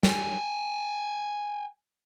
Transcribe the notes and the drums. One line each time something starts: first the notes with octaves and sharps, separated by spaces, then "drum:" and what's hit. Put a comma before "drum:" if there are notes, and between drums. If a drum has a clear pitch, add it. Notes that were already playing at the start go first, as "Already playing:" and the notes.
G5 G#5, drum: snare